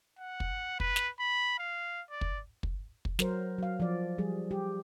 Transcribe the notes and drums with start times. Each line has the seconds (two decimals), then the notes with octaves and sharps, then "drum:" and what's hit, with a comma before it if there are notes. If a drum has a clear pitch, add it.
0.19 F#5
0.40 drum: kick
0.80 B4, drum: kick
0.96 drum: snare
1.20 B5
1.59 F5
2.11 D5
2.21 drum: kick
2.63 drum: kick
3.05 drum: kick
3.19 F#3 A#4 C5, drum: snare
3.58 F#3 F5
3.80 F3 D5
4.18 F3 G3 G#4
4.50 G3 G4